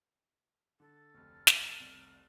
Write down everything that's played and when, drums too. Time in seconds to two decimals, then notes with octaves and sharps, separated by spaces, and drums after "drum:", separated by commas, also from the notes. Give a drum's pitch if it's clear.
0.80 D3 A4
1.14 F1 D2 F6
1.47 drum: snare
1.80 F1 C2